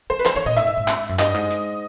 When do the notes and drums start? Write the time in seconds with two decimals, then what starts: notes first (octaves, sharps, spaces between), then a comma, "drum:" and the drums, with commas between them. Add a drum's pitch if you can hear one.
0.10 G3 C5
0.19 B4
0.25 F3 C5, drum: clap
0.36 E3 C#5
0.46 A#2 D#5
0.56 A2 E5, drum: hi-hat
0.67 G#2
0.77 G#2
0.88 drum: clap
1.09 F#2
1.19 G2 D#5, drum: clap
1.34 G#2
1.50 drum: hi-hat